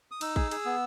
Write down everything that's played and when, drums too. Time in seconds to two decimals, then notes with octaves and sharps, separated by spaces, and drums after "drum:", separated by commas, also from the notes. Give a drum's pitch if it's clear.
0.11 D#6
0.21 D#4 E6, drum: cymbal
0.36 G#4, drum: kick
0.51 G#4, drum: cymbal
0.65 B3